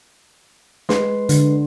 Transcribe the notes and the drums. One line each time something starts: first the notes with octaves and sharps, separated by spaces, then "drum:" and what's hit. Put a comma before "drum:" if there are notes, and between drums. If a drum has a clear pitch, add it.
G#3 B4 C6, drum: snare
D3, drum: hi-hat